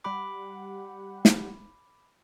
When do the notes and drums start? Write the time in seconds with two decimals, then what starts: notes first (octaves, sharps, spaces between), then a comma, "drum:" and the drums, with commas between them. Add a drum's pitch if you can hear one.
0.04 G3 G4 F#5 B5 D6
1.25 drum: snare